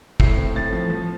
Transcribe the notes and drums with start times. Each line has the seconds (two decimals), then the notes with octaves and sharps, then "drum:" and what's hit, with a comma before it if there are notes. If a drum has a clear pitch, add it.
0.20 A2 C7, drum: kick
0.37 C4
0.55 A2 A6
0.73 F3
0.90 F3